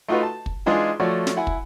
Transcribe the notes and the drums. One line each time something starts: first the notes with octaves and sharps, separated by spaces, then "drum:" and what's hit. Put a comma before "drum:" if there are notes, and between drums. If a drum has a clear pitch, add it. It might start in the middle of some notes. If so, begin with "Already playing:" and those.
A3 D#4 F4 F#4 B4
A5
drum: kick
E3 G#3 D4 D#4 F4 G#4
F3 A3 F#4 C#5 D5
drum: snare
E4 F#5 G#5
drum: kick